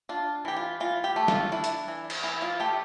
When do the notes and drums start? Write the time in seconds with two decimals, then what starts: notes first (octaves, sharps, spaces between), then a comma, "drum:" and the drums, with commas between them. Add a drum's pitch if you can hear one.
0.09 D4 F4
0.45 E3 G4
0.56 F4
0.80 E3 F4
1.04 G4
1.16 A3
1.28 F4, drum: snare
1.52 D4 E4
1.64 drum: hi-hat
1.88 E3
2.10 drum: cymbal
2.23 E3 E4
2.42 F4
2.60 A3 G4